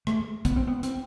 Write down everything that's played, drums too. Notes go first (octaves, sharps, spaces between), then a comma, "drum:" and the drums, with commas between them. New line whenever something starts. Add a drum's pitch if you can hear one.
A3, drum: rim click
B3, drum: kick, hi-hat
C4
B3
C4, drum: hi-hat